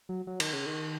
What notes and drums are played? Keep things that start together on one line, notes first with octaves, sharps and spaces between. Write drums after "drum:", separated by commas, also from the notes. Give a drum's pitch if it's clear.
F#3
F#3
D#3, drum: cymbal
C#3
D#3